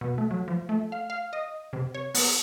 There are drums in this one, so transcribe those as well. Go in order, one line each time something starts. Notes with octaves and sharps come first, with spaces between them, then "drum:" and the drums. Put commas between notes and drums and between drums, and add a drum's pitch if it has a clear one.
B2
A3
F#3
F3
A3
F5
F5
D#5
C3
C#5
B3, drum: open hi-hat